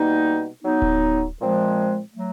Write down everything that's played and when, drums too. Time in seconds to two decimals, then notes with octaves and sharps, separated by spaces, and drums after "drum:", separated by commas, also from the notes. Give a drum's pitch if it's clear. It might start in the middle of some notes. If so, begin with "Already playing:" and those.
Already playing: B2 G3 A#3 D#4
0.63 F#3 B3 D#4
0.82 drum: kick D1
1.39 A#2 F3 G#3 C4
2.14 F#3 A3